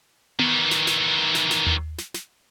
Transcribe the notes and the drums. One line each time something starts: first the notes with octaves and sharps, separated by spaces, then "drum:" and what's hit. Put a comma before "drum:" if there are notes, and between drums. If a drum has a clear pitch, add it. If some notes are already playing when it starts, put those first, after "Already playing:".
D#3 E3, drum: tom B3
drum: snare
drum: snare
drum: snare
drum: snare
drum: tom D#2
drum: snare
drum: snare